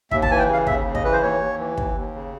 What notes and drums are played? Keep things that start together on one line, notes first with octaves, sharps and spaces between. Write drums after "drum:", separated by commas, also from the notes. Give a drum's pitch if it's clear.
D#2 E5, drum: kick
A5, drum: kick
E3 G#5
G5
C#3 F5
D#2 E5, drum: kick
C#3
D#5, drum: kick
E3 B4
C5
D#2 C#5
D#2
E3
D#2, drum: kick
D#2
C#3